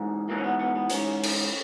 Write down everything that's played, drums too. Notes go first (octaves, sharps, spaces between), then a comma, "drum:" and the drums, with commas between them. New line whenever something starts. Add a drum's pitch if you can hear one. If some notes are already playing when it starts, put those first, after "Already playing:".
Already playing: G#2 E3
G#2 E3 A#3
C#4
B3
B3
B3
G#2 E3 C#4, drum: hi-hat
drum: cymbal